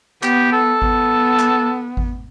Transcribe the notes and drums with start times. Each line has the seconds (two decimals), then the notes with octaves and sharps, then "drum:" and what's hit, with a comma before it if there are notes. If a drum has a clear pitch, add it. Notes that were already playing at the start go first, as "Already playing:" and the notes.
0.23 B3 G4, drum: clap
0.52 A4
0.82 B3, drum: kick G#1
1.39 drum: clap
1.97 drum: kick G#1